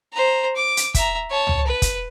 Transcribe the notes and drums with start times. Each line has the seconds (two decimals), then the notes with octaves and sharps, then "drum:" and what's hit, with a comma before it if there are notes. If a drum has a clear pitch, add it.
0.13 C5 A#5
0.56 D6
0.77 drum: hi-hat
0.94 E5 A#5, drum: kick, hi-hat
1.31 C#5 A5
1.47 drum: tom
1.66 B4
1.82 drum: kick, hi-hat